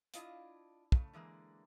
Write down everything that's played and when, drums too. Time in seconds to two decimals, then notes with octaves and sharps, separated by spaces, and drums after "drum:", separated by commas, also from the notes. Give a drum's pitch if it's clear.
0.14 D4 E4 F4 D#5 F5, drum: hi-hat
0.92 C#3 A3, drum: kick
1.13 D3 E3 G#3 A#3